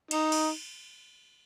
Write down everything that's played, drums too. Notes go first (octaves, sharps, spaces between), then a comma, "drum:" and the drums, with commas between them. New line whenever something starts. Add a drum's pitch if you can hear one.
D#4, drum: cymbal
drum: cymbal